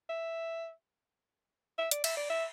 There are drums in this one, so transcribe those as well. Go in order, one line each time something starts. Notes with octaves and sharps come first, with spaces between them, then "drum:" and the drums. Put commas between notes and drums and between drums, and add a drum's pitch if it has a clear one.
E5
E5
D5, drum: hi-hat
E5, drum: cymbal
D5
E5